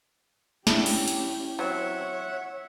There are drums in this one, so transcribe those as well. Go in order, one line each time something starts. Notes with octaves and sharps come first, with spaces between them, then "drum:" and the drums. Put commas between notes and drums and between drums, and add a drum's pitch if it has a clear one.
C#4 D4 E4 G4, drum: snare
drum: cymbal
drum: hi-hat
F#3 C4 C#5 E5 F#5